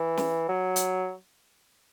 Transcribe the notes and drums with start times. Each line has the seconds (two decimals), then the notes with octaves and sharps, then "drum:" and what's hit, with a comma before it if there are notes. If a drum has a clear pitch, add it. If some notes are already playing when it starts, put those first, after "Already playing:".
Already playing: E3
0.17 drum: snare
0.48 F#3
0.76 drum: hi-hat